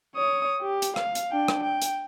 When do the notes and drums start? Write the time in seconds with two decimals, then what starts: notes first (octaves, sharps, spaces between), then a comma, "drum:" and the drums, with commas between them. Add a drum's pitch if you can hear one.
0.16 C#5 D#6
0.61 G4
0.82 drum: hi-hat
0.96 F5, drum: rim click
1.15 drum: hi-hat
1.32 D4 G5
1.48 drum: rim click
1.63 G5
1.82 drum: hi-hat